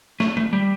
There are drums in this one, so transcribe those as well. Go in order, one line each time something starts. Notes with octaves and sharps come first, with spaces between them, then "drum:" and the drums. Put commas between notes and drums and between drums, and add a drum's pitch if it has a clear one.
A3, drum: snare
A3, drum: tom D#3
G3